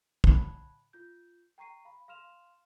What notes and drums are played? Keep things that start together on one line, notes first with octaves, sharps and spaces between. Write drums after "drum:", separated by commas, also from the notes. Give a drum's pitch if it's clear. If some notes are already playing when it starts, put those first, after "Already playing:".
A5 B5 F#6 G#6, drum: kick
F4 G6
G5 A#5 C#6 C7 D#7
F5 B5
F5 C6 F6 E7 F7